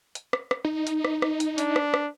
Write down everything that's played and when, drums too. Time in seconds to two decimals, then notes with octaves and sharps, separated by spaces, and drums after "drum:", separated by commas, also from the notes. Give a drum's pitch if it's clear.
0.15 drum: hi-hat
0.33 drum: rim click
0.51 drum: rim click
0.65 D#4
0.87 drum: hi-hat
1.04 drum: rim click
1.22 drum: rim click
1.40 drum: hi-hat
1.58 D4, drum: hi-hat
1.76 drum: rim click
1.94 drum: rim click